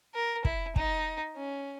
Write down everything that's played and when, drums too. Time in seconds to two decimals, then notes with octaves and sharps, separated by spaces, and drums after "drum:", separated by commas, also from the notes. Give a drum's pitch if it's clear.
0.14 A#4
0.45 E4, drum: kick
0.76 D#4, drum: kick
1.37 C#4